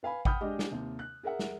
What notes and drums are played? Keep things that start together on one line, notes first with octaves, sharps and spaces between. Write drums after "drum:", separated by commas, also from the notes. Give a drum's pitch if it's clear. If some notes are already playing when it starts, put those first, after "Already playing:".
B4 F5 G#5 B5
F#5 G5 B5 D#6 F6 G6, drum: kick G#1
G#3 D4 G4 D#5
drum: snare
D#2 C3
F#6
G#4 A#4 E5 F#5
drum: snare